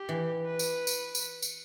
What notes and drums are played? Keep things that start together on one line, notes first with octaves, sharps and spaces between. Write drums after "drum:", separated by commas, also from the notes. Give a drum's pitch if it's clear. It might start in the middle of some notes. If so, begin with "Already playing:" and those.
Already playing: G4
E3
B4
drum: tambourine
drum: tambourine
drum: tambourine
drum: tambourine